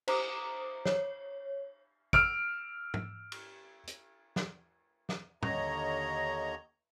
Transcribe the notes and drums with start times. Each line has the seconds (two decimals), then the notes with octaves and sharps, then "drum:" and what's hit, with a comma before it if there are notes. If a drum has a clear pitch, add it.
0.08 C5 A#5 D6 D#6, drum: cymbal
0.85 C#5, drum: snare
2.13 E6 F6 D7, drum: kick
2.94 drum: tom
3.32 drum: cymbal
3.87 drum: hi-hat
4.36 drum: snare
5.09 drum: snare
5.43 D#2 D3 C#5 D#5 A#5, drum: tom A2